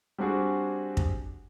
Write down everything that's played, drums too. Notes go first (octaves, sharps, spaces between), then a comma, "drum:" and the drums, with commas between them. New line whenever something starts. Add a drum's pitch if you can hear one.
G3 C4 D4 F#4 G#4
drum: kick